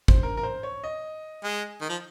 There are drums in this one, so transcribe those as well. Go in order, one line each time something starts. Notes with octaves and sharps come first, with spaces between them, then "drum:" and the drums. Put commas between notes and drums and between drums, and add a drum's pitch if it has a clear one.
C5, drum: kick G#1
A#4
A#4
C5
C#5
D#5
G#3
D#3
F3